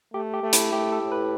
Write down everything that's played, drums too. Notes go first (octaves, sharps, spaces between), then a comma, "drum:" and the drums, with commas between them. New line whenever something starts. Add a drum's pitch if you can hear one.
A3 G4
G4
A3
E4, drum: hi-hat
A3 G4
A4
A2
B4